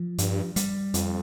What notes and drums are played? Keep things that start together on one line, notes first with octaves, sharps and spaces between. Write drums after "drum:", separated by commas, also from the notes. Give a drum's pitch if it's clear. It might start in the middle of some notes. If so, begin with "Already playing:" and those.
Already playing: F3
G2, drum: hi-hat
G3, drum: hi-hat
F2, drum: hi-hat